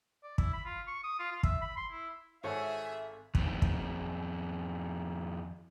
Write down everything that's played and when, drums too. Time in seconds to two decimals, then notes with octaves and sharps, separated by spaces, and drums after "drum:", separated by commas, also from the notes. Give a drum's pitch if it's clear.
0.23 D5
0.38 E4, drum: kick
0.53 B5
0.65 F4
0.87 C#6
1.03 D#6
1.19 F4
1.31 F4
1.43 E5, drum: kick
1.61 B5
1.77 C6
1.91 E4
2.44 G#1 G#4 A4 C#5 E5
3.35 F2 D#3, drum: kick
3.62 drum: kick